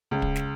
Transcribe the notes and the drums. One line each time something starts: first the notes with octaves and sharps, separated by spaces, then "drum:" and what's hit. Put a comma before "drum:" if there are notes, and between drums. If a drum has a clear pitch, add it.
C#2
drum: kick
drum: snare